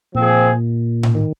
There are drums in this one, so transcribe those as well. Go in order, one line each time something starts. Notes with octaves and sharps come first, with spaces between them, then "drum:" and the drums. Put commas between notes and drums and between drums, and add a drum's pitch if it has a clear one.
A#2 F3 C4 G#4
drum: tom A2
D#3